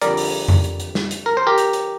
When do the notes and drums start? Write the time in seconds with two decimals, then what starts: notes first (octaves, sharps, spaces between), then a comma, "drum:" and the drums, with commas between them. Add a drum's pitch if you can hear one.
0.01 F2 D3 G3 A#4 D5, drum: hi-hat
0.17 drum: open hi-hat
0.48 drum: tom F2
0.64 drum: hi-hat
0.80 drum: hi-hat
0.95 drum: snare
1.11 drum: hi-hat
1.26 A#4
1.37 C5
1.47 G4 A#4
1.58 drum: hi-hat
1.73 drum: hi-hat